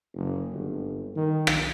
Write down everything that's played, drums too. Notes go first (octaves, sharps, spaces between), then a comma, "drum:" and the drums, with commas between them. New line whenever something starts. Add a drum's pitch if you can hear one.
F#1
G1
D#3
drum: rim click